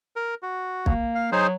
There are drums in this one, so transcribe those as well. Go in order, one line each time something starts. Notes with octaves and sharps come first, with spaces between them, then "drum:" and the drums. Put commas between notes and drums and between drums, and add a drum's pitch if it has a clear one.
A#4
F#4
A#3, drum: kick B1
F5
F#3 D#4 G#4 C5